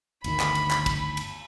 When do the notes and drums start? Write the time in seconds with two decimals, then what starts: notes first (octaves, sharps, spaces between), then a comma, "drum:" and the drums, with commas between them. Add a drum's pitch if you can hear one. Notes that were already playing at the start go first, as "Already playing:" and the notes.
0.24 G1 D2 D#3 B5, drum: cymbal
0.40 drum: clap
0.55 drum: cymbal
0.71 drum: clap
0.86 drum: kick, cymbal
1.17 drum: cymbal